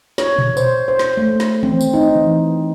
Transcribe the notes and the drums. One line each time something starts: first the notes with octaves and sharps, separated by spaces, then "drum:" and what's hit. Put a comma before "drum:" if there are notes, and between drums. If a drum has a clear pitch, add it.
C#5, drum: snare
drum: tom A#2
C5, drum: tambourine
C5
drum: snare
A3
drum: snare
C4, drum: tom D#3
drum: tambourine
D#4
E3